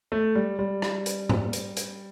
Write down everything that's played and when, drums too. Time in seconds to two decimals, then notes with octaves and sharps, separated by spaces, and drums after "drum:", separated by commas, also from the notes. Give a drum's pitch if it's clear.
0.12 A3
0.35 G3
0.59 G3
0.82 drum: rim click
1.06 drum: hi-hat
1.29 drum: tom G#2
1.53 drum: hi-hat
1.77 drum: hi-hat